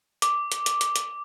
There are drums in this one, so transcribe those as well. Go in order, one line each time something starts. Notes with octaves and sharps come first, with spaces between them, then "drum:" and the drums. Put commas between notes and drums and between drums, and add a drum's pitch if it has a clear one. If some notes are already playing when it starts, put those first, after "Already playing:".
D6, drum: hi-hat
drum: hi-hat
drum: hi-hat
drum: hi-hat
drum: hi-hat